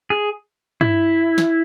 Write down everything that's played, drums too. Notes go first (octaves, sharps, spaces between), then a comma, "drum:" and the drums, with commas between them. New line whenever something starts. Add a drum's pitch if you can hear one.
G#4
E4, drum: tom G2
drum: snare